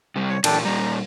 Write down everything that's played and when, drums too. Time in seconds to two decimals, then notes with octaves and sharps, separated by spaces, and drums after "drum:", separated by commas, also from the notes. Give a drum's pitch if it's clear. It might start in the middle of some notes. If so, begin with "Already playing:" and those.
0.16 C3 G3
0.29 C#5
0.44 A#2 E3 D4 A4 G5, drum: cymbal
0.65 A#2 G3 A#5